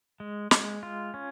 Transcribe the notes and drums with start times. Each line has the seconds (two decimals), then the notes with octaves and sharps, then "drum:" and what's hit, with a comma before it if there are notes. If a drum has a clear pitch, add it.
0.20 G#3
0.51 G#3, drum: snare
0.83 F4
1.14 C#4